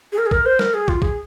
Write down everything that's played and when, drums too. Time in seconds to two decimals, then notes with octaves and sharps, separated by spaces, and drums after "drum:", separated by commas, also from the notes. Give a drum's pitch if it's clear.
0.12 G#4
0.18 A#4
0.26 G#4
0.31 A#4, drum: kick
0.45 C5
0.59 A#4, drum: snare
0.74 G#4
0.88 F4, drum: kick
1.02 G#4, drum: kick